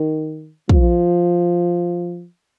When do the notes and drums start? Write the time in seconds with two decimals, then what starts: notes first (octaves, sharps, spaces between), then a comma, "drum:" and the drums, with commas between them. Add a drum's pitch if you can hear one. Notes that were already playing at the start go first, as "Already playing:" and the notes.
Already playing: D#3
0.69 F3, drum: kick